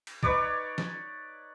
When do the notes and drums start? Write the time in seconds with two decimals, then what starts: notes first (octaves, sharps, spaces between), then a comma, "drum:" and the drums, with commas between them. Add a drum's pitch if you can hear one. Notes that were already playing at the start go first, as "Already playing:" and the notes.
0.07 drum: cymbal
0.23 D#4 B4 C#5 D5, drum: kick B1
0.78 drum: snare